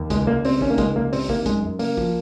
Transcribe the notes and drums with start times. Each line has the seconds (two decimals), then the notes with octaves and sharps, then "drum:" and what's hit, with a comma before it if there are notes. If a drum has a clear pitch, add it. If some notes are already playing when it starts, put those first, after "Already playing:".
Already playing: D#2
0.10 C#2 G#3, drum: kick, hi-hat
0.27 C#2 A#3
0.44 C3 C4, drum: open hi-hat
0.61 D#3 C#4, drum: kick
0.70 A#3
0.78 C#2 G#3, drum: kick, hi-hat
0.96 C#2 A#3
1.13 C3 C4, drum: open hi-hat
1.29 D#3 A#3, drum: kick
1.46 F#2 G#3, drum: kick, hi-hat
1.62 F#2
1.79 C#3 A#3, drum: open hi-hat
1.97 F3, drum: kick